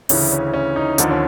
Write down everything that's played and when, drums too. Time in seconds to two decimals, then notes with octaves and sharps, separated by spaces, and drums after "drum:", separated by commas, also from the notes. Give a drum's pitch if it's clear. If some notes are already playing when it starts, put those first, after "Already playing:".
0.09 D2 C#3 E3 C#4, drum: open hi-hat
0.32 C#4
0.54 C#4
0.76 D#4
0.98 D#2 D3 F3 D#4, drum: hi-hat
1.10 C#4